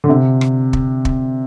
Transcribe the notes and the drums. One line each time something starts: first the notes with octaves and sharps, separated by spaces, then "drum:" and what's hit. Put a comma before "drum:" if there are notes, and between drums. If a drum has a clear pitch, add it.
D3
C3
drum: rim click
drum: kick
drum: kick